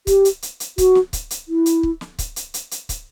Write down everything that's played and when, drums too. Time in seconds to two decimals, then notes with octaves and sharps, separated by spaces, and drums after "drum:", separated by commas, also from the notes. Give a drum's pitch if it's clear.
0.07 G4, drum: kick, hi-hat
0.25 drum: hi-hat
0.42 drum: hi-hat
0.60 drum: hi-hat
0.78 F#4, drum: kick, hi-hat
0.95 drum: snare
1.13 drum: kick, hi-hat
1.31 drum: hi-hat
1.48 E4
1.66 drum: hi-hat
1.83 drum: kick
2.01 drum: snare
2.19 drum: kick, hi-hat
2.36 drum: hi-hat
2.54 drum: hi-hat
2.71 drum: hi-hat
2.89 drum: kick, hi-hat